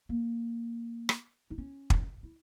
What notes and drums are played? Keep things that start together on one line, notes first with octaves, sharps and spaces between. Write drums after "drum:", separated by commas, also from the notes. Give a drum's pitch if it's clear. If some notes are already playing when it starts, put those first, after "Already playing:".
A#3
drum: rim click
D#4
C#4
drum: kick
E4